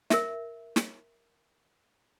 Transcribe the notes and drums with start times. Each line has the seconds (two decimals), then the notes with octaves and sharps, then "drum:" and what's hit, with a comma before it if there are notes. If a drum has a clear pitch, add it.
0.10 A#4 E5, drum: snare
0.76 drum: snare